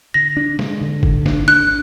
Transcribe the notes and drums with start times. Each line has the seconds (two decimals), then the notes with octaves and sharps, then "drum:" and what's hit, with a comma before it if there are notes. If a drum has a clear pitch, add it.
0.14 D3 A#6
0.37 D4
0.59 G#3, drum: snare
0.81 D3
1.03 D3, drum: kick G1
1.26 D4, drum: snare
1.48 D4 F#6